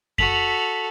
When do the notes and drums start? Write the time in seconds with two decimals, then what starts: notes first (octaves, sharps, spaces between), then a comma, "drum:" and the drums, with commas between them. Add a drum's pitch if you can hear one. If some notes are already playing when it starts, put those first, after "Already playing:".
0.18 F#4 A4 B6 F7 F#7, drum: kick F2